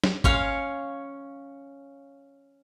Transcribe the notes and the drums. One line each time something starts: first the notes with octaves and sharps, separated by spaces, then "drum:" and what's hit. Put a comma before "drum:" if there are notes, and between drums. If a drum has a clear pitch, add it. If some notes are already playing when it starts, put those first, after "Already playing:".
drum: snare
C#4 C#5 F5, drum: kick G#1